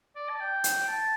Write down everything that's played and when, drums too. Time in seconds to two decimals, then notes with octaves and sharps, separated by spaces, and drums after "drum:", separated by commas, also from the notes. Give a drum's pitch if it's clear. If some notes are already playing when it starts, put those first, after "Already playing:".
0.16 D5
0.29 A5
0.40 G5
0.64 drum: hi-hat
0.88 A5